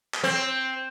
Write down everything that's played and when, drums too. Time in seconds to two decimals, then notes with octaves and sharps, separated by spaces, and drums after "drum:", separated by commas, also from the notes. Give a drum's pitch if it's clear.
0.14 drum: clap
0.24 C4